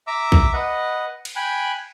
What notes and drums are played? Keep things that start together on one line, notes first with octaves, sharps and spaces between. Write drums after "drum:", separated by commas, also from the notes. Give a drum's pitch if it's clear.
E5 A#5 D6 E6
drum: kick A#1
B4 D#5 F#5
drum: cymbal
G5 G#5 B5 F#6